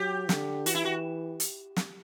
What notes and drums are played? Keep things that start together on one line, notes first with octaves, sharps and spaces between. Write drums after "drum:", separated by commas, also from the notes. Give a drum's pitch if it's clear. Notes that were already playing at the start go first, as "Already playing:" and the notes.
Already playing: F#3 G4
D3, drum: snare
E3 F#4, drum: hi-hat
E4
F#4
drum: hi-hat
drum: snare